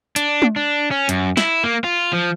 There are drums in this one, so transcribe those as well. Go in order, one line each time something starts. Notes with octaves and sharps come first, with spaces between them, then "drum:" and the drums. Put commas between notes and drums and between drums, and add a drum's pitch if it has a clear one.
D4, drum: hi-hat
drum: tom G#3
D4
C#4
F#2, drum: hi-hat
E4, drum: snare
A#3
F4
F3